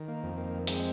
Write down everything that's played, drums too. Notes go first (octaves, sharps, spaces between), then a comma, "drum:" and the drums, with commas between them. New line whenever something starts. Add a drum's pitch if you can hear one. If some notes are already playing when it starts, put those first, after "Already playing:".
Already playing: D#3
A#3
F2
A#3
G#3 C4, drum: hi-hat